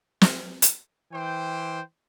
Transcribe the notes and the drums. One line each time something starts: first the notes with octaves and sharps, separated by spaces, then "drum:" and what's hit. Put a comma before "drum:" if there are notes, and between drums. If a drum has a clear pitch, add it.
drum: snare
drum: hi-hat
E3 C5 G5